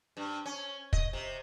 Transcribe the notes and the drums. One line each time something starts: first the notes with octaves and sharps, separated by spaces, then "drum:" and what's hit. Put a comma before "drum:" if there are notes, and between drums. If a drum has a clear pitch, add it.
G2
C#4
D#5, drum: kick
C3